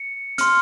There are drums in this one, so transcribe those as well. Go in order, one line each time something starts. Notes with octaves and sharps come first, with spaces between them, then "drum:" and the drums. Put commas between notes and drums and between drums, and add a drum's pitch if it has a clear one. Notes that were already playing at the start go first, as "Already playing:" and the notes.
Already playing: C#7
C6 F6, drum: hi-hat